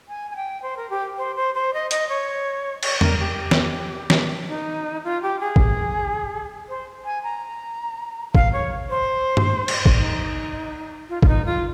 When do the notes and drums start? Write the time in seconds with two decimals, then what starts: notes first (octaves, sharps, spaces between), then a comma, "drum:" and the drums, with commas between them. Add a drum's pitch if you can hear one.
0.08 G#5
0.30 G#5
0.36 G5
0.62 C5
0.77 A#4
0.90 G4
1.17 C5
1.36 C5
1.54 C5
1.74 D#5
1.91 D#5, drum: hi-hat
2.09 C#5
2.83 C#5, drum: cymbal
3.01 A#4, drum: tom E2
3.19 G4
3.51 drum: snare
4.10 drum: snare
4.48 D#4
5.04 F4
5.22 G4
5.40 G#4
5.56 drum: kick
6.69 C5
7.05 G#5
7.24 A#5
8.35 F5, drum: kick
8.53 C#5
8.89 C5
9.37 drum: tom G2
9.68 drum: cymbal
9.86 drum: kick
9.99 D#4
11.09 F4
11.23 F4, drum: kick
11.28 D#4
11.46 F4